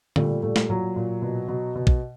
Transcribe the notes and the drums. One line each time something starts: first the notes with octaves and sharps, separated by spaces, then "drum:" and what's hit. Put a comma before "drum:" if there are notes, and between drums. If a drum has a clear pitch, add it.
A#2 G3 A3, drum: tom D3
A#2 G3 A3
drum: snare
A#2 F#3
A#2
B2
B2
B2
drum: kick